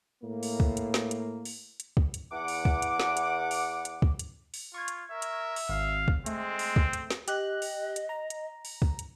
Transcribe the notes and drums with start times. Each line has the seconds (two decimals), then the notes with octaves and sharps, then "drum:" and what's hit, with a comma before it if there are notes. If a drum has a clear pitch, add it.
0.23 A2 A#3
0.43 drum: open hi-hat
0.60 drum: kick
0.77 drum: hi-hat
0.94 drum: snare
1.11 drum: hi-hat
1.45 drum: open hi-hat
1.80 drum: hi-hat
1.97 drum: kick
2.14 drum: hi-hat
2.32 E2 F#5 D6
2.48 drum: open hi-hat
2.65 drum: kick
2.82 drum: hi-hat
3.00 drum: snare
3.17 drum: hi-hat
3.51 drum: open hi-hat
3.85 drum: hi-hat
4.02 drum: kick
4.19 drum: hi-hat
4.54 drum: open hi-hat
4.74 F4 C#6 G#6
4.88 drum: hi-hat
5.12 A#4 E5
5.22 drum: hi-hat
5.56 drum: open hi-hat
5.69 G#1 F5
6.08 drum: kick
6.26 G#3 A3 C4, drum: hi-hat
6.59 drum: open hi-hat
6.76 drum: kick
6.93 drum: hi-hat
7.11 drum: snare
7.28 G4 D#5 F#6, drum: hi-hat
7.62 drum: open hi-hat
7.96 drum: hi-hat
8.09 A#5
8.30 drum: hi-hat
8.65 drum: open hi-hat
8.82 drum: kick
8.99 drum: hi-hat